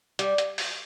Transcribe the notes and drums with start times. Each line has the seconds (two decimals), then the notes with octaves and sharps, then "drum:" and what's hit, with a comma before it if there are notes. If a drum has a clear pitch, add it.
0.19 G3, drum: hi-hat
0.38 drum: hi-hat
0.58 drum: open hi-hat